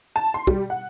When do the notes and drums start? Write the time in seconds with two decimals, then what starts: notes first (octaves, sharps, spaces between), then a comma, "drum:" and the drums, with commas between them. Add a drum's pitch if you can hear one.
0.16 A5
0.34 C6
0.47 G3, drum: kick
0.70 F#5